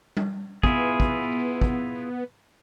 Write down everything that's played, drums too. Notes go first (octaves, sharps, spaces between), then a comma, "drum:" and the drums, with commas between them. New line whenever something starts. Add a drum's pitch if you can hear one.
drum: tom G3
B3 E4 F4 G#4, drum: kick
drum: kick
drum: kick